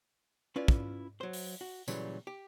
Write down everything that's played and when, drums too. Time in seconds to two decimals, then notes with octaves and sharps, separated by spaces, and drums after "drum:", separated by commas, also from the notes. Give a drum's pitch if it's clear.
0.56 C#4 E4 F4 B4 D5
0.68 drum: kick
1.21 F#3 C5
1.33 drum: open hi-hat
1.61 F#4
1.88 A#2 C#3 E3 F#3 G3, drum: tambourine
2.27 G4